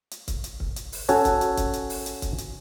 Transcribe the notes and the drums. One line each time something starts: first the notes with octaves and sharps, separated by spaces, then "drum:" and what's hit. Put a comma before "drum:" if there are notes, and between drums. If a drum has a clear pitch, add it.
drum: hi-hat
drum: kick C#1, hi-hat
drum: hi-hat
drum: kick C#1
drum: hi-hat
drum: open hi-hat
C#4 F#4 A4 C#5, drum: hi-hat
drum: kick C#1, hi-hat
drum: hi-hat
drum: kick C#1, hi-hat
drum: hi-hat
drum: open hi-hat
drum: hi-hat
drum: kick C#1, hi-hat
drum: hi-hat